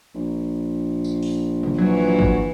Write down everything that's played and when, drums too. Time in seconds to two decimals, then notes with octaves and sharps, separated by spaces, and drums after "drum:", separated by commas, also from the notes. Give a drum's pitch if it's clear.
0.15 A#1
1.04 drum: tambourine
1.22 drum: open hi-hat
1.63 drum: tom
1.78 E3 F#3
2.19 drum: kick G#1